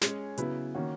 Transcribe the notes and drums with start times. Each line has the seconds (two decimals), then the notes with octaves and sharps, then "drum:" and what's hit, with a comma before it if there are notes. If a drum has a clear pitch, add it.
0.01 G#3 C#4 G#4 C#5, drum: snare
0.38 C#3 F#3 B3 E4 B4, drum: hi-hat
0.75 D#3 A#3 C#4 F#4